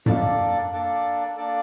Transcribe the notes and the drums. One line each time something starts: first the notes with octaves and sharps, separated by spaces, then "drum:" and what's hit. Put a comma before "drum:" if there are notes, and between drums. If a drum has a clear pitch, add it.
A#3 D4 A4 D5, drum: tom F#2
A#3 D4 A4 D5
A#3 D4 A4 D5